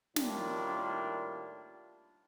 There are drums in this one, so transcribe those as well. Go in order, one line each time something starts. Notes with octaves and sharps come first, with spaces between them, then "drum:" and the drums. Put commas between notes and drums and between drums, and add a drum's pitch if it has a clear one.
A2 D#3 G3 A#3 D4 F4, drum: snare